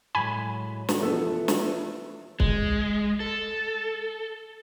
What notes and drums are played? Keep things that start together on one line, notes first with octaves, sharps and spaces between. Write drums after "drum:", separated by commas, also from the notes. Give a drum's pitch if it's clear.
A2 F#3 G#3 G#5 B5
drum: snare
E3 F3 A3 B3 A4 E5
drum: snare
G#3, drum: kick
A4